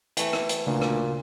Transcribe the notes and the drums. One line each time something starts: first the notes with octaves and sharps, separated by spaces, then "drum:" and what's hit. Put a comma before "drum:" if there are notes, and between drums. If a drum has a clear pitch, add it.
E3 A3 G5, drum: hi-hat
drum: rim click
drum: hi-hat
D2 A#2 C#3
drum: rim click